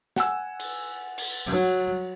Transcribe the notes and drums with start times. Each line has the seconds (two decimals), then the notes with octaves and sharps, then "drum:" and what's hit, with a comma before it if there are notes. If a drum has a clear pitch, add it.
0.16 F#5 G#5 E6, drum: snare
0.59 drum: cymbal
1.18 drum: cymbal
1.47 F#3, drum: hi-hat